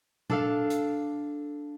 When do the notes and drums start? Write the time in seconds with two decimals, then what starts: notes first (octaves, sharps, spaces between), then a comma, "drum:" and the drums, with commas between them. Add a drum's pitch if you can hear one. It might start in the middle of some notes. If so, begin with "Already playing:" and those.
0.30 D4 A4 F5, drum: tom A#2
0.70 drum: hi-hat